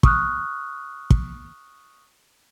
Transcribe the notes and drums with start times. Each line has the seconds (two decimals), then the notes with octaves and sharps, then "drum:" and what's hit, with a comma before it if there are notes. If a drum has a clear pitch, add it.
0.03 C#6 D#6 F6 F#6, drum: kick
1.10 drum: kick